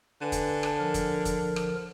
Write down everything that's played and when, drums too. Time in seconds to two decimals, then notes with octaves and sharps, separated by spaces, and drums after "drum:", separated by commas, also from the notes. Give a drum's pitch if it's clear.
0.21 D3 B4 G#5 A5
0.32 drum: kick, hi-hat
0.63 drum: rim click
0.79 F3 A#4
0.94 drum: kick, hi-hat
1.25 drum: kick, hi-hat
1.56 drum: rim click